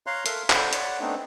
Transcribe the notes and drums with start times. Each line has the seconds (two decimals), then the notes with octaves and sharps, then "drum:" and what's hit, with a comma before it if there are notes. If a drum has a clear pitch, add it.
0.07 C#5 F5 A#5 C6 F#6
0.26 A4 A#4 E5, drum: hi-hat
0.50 A4 C5 D5 E5 F#5 B5, drum: clap
0.73 C#5 D5 F#5, drum: hi-hat
1.00 A3 B3 C4 D4 D#4